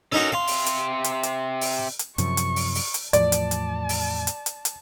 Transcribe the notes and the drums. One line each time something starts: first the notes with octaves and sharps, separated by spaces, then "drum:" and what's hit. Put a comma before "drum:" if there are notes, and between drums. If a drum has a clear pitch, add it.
C#4 D#4 F#4 A4 A#4
C3 F5 C6
drum: open hi-hat
drum: hi-hat
drum: hi-hat
drum: hi-hat
drum: open hi-hat
drum: hi-hat
F#2 C3 F3 C#6, drum: hi-hat
drum: hi-hat
drum: open hi-hat
drum: open hi-hat
drum: hi-hat
E2 A2 F3 D5 A5, drum: hi-hat
drum: hi-hat
drum: hi-hat
drum: open hi-hat
drum: hi-hat
drum: hi-hat
drum: hi-hat